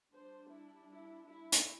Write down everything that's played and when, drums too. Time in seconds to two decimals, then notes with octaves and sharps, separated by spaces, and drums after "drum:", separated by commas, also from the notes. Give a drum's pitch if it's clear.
0.13 G3 D4 C5
0.51 E4
0.91 E4
1.29 E4
1.52 drum: hi-hat